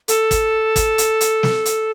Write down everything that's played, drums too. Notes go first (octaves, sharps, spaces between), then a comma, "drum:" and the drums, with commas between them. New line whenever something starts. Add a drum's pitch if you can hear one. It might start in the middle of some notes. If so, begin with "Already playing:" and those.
A4, drum: hi-hat
drum: kick, hi-hat
drum: kick, hi-hat
drum: hi-hat
drum: hi-hat
drum: snare
drum: hi-hat